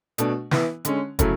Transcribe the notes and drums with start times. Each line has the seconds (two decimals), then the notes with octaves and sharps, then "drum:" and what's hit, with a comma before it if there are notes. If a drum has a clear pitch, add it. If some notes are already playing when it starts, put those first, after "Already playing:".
0.18 B2 A3 D4, drum: hi-hat
0.51 E3 B3 E4, drum: snare
0.85 D3 G#3 C#4, drum: hi-hat
1.19 C#3 F#3 A3 E4, drum: kick, hi-hat